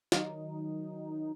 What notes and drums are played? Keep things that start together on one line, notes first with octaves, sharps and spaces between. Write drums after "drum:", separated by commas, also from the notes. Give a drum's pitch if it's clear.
D#3 F#3 D#4, drum: snare